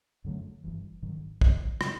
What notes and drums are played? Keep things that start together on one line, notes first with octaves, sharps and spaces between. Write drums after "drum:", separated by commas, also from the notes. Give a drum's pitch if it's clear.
F#2 D3 F#3 A3
G1 G2 E3
G#1 G#2 D#3 F#3
D2 C#3 F3, drum: kick
C#3 F#3, drum: rim click